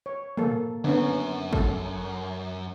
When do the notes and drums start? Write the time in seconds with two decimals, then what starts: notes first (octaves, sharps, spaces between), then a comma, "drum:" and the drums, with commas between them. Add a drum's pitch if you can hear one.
0.06 C#5
0.37 A#3 A4, drum: tom
0.84 F#2 D3 B3 C#4
1.53 A4, drum: kick G1